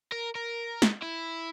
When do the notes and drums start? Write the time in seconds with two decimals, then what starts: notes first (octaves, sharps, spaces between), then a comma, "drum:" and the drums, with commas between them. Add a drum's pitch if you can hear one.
0.12 A#4
0.35 A#4
0.82 drum: snare
1.03 E4